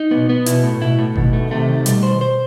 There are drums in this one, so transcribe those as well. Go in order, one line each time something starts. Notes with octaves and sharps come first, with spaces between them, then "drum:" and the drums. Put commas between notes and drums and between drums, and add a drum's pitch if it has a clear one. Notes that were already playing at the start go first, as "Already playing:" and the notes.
Already playing: D#4
B2 B3
B3
B2 E4, drum: hi-hat
A2
B2 E4
A2
B2 D#3, drum: kick F#1
A3
C3 A3
D#3
B2 G3, drum: hi-hat
C5
C5